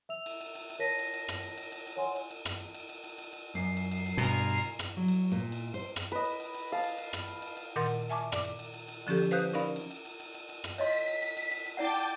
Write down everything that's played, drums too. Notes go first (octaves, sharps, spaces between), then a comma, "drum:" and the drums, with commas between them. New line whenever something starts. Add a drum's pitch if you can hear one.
E5 E6 F7
drum: cymbal
drum: cymbal
drum: cymbal
drum: cymbal
A#4 C#5 A5 A#6 B6 D#7
drum: cymbal
drum: cymbal
drum: rim click
drum: cymbal
drum: cymbal
drum: cymbal
drum: cymbal
C#5 F#5 G#5 C6
drum: cymbal
drum: cymbal
drum: rim click
drum: cymbal
drum: cymbal
drum: cymbal
drum: cymbal
drum: cymbal
drum: cymbal
F#2 C7
drum: cymbal
drum: cymbal
drum: cymbal
G2 B2 A#4 C5 G#5
drum: cymbal
drum: rim click
F#3
drum: cymbal
A#2
drum: cymbal
C5
drum: rim click
B4 D#5, drum: cymbal
drum: cymbal
drum: cymbal
drum: cymbal
F5 A5
drum: cymbal
drum: cymbal
drum: rim click
drum: cymbal
drum: cymbal
drum: cymbal
A#2 D#3 A#4 F#5 C6 A6
drum: cymbal
E5 G#5 A5 C#6 D6
D5 D6, drum: rim click
drum: cymbal
drum: cymbal
drum: cymbal
drum: cymbal
D3 F3 C#4 G4 A4
drum: cymbal
B4 C5 F5 D#6 F#6 G6, drum: cymbal
C#4 D#4 A#4 D5 F5 B5
drum: cymbal
drum: cymbal
drum: cymbal
drum: cymbal
drum: cymbal
drum: cymbal
drum: rim click
C#5 D#5 C6 B6, drum: cymbal
drum: cymbal
drum: cymbal
drum: cymbal
drum: cymbal
drum: cymbal
drum: cymbal
E4 D5 F#5 G5 A5 D6
drum: cymbal